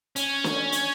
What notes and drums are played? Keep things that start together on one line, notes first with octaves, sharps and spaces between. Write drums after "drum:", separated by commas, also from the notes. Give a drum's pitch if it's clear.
C#4, drum: hi-hat
drum: snare
drum: hi-hat